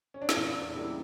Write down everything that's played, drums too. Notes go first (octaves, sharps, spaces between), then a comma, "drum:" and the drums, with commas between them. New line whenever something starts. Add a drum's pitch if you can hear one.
C#4
D4
E4, drum: snare
E2 F4
D4
C#3 G3 A#3 E4